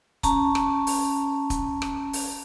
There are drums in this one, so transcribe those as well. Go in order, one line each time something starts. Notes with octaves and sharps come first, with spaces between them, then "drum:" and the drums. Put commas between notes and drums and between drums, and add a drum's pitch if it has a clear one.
C#4 A5 A#5, drum: kick, hi-hat
drum: rim click
drum: open hi-hat
drum: kick, hi-hat
drum: rim click
drum: open hi-hat